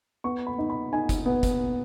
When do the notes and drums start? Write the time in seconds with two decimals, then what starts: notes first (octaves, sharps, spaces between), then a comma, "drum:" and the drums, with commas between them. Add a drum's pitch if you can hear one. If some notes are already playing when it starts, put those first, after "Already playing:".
0.24 B3 C#6
0.47 B5
0.58 D#4
0.70 B5
0.93 D#4 G#5
1.09 drum: kick, hi-hat
1.26 B3
1.43 drum: kick, hi-hat